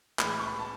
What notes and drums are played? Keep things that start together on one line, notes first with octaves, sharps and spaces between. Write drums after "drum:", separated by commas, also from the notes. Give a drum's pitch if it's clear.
A2 E3 G#3 B5, drum: clap
C#6
B5
A5